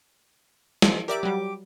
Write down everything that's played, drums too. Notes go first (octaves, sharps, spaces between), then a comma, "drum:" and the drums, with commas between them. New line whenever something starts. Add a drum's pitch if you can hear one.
E3 F3 D7, drum: snare
G4 A#4 D5 E5 D6
F#3 G3